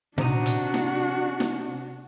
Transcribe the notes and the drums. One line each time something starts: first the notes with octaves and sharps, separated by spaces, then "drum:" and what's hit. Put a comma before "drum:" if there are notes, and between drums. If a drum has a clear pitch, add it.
C3 D4 D#4 F#4, drum: tom A#2
drum: hi-hat
drum: snare
drum: snare